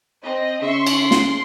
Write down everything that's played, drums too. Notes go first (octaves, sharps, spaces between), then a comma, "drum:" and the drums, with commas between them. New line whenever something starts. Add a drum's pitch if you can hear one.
C4 D#5
C#3 E5 C6 C#6
drum: cymbal
C6
drum: snare